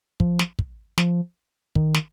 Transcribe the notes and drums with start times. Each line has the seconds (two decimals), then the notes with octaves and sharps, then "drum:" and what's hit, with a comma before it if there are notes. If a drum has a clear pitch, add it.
0.20 F3, drum: kick
0.39 drum: snare
0.59 drum: kick
0.98 F3, drum: snare
1.75 D#3, drum: kick
1.94 drum: snare